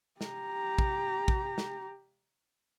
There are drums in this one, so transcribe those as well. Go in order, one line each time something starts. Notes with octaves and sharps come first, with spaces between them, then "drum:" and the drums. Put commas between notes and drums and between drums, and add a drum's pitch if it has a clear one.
G4 A#5, drum: snare
drum: kick
drum: kick
drum: snare